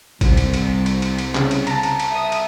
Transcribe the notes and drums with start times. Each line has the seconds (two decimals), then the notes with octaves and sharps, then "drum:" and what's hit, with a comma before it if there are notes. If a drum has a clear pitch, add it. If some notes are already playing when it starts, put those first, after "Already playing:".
0.21 C2, drum: kick G#1, cymbal
0.37 drum: cymbal
0.54 drum: cymbal
0.86 drum: cymbal
1.02 drum: cymbal
1.18 drum: cymbal
1.35 C#3, drum: clap
1.51 drum: cymbal
1.67 A5 A#5, drum: cymbal
1.83 drum: cymbal
2.00 drum: cymbal
2.11 E5 D#6
2.32 drum: cymbal